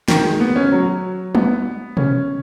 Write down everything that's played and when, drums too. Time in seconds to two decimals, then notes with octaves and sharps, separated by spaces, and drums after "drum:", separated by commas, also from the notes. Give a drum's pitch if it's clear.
0.08 D#3, drum: snare
0.24 G#3
0.40 B3
0.56 C#4
0.72 F#3
1.35 B3, drum: tom
1.97 C#4, drum: tom B2